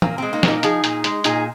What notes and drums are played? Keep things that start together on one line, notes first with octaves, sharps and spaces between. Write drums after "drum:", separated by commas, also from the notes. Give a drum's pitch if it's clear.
A#2 A#3, drum: tom E3
G#3 C4
A#3 D#4
A#2 A#3 D#4, drum: snare
F3 D#4 G#4, drum: hi-hat
A#2, drum: hi-hat
G#3, drum: hi-hat
A#2 D#4 G#4, drum: hi-hat